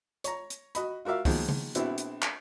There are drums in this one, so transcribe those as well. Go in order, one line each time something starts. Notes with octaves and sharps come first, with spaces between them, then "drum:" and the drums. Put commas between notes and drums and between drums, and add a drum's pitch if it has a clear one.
C#5 A#5, drum: hi-hat
drum: hi-hat
F#4 D#5 B5, drum: hi-hat
F4 F#4 A#4 E5 F5
B2 D#3 F3 F#3 G#3 A#3, drum: kick, open hi-hat
drum: tom C#3
A#1 B3 C4 E4 F#4, drum: hi-hat
drum: hi-hat
drum: clap